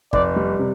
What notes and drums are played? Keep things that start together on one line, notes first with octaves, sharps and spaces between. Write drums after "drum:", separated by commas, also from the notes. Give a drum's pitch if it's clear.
F1 D5, drum: kick
G3
C3